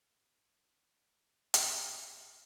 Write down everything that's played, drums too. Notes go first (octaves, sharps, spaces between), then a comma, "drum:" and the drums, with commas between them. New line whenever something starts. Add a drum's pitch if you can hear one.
G#5 C6
A#2 F3 A3 B3
drum: hi-hat